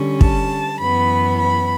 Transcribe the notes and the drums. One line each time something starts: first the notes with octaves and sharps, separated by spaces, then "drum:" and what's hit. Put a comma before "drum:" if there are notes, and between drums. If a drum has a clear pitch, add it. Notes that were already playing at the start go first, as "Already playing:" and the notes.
Already playing: D3 G3 C#4
A5, drum: kick
F#2 E3 B3 B5
B5